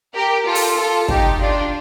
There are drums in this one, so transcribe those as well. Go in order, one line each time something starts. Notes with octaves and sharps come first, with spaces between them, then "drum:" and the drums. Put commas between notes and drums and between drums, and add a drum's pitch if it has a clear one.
G4 A#4
F4 A4
drum: open hi-hat
F4 A4
D#4 G4, drum: kick
D4 F4